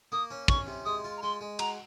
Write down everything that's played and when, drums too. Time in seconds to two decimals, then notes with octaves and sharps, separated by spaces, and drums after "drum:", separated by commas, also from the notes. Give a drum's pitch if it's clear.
0.12 A#3 D#6
0.31 C#4
0.48 C#4 C#6, drum: kick
0.67 C3
0.85 G#3 D#6
1.04 F4
1.17 A#5
1.22 G#3 C6
1.41 G#3
1.59 F#4 A#5, drum: cymbal